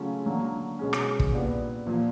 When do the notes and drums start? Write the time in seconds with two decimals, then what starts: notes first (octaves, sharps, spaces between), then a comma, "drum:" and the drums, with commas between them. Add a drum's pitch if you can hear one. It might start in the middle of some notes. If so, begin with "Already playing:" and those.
Already playing: C#3 F#3 A3 C#4 F4
0.26 D3 F#3 A#3
0.79 B2 G#3 C#4
0.93 drum: rim click
1.19 drum: kick
1.32 A#2 G3 B3 D4
1.87 A#2 F3 A#3